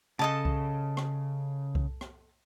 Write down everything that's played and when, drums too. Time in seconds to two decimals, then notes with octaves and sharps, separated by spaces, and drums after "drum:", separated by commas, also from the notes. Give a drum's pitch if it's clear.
0.19 C#3 A4 D#5 A5
0.45 drum: kick C2
0.97 drum: rim click
1.75 drum: kick C2
2.01 drum: rim click